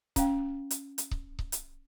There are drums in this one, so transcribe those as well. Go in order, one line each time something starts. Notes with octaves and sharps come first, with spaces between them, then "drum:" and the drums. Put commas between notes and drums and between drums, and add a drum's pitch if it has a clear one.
C#4 F5 G5, drum: kick C#1, hi-hat
drum: hi-hat
drum: hi-hat
drum: kick C#1
drum: kick C#1
drum: hi-hat